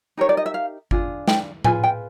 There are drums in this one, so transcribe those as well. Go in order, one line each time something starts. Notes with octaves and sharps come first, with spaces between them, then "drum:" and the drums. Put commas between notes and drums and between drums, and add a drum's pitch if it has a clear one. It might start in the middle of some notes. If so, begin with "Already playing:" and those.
D#4 G4 A#4 C#5
D5
D#5
E5
F5
D4 F4 G#4, drum: kick G1
G5, drum: snare
F4 G#4 B4 G#5, drum: tom A2
G5